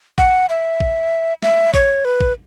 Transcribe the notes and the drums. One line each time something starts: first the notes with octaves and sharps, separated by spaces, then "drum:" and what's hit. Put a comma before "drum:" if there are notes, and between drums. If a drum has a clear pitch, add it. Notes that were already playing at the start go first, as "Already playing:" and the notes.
F#5, drum: kick
E5
drum: kick
E5, drum: snare
C#5, drum: kick
B4
drum: kick